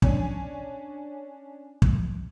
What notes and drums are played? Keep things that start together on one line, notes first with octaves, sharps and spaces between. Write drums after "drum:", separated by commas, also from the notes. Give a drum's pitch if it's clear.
C#4 D4 C#5 G#5, drum: kick
drum: kick